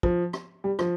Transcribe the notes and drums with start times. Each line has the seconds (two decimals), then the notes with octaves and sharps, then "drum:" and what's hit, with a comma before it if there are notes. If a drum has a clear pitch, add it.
0.03 F3, drum: kick
0.33 drum: rim click
0.64 G3
0.79 F3, drum: rim click